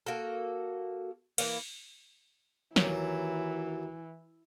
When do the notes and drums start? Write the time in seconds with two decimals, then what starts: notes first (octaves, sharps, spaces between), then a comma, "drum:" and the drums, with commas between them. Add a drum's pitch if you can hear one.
0.06 A#3 F#4 A4
1.38 E3 A#3, drum: cymbal
2.76 D#2 E3 F#3, drum: snare